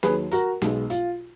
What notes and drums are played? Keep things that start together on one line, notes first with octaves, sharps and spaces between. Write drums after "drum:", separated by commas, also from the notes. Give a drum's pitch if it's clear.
D#2 D#3 F#3 G#4 B4, drum: snare
F#4 A#4, drum: hi-hat
B1 B2 G#3 B3, drum: snare
F4, drum: hi-hat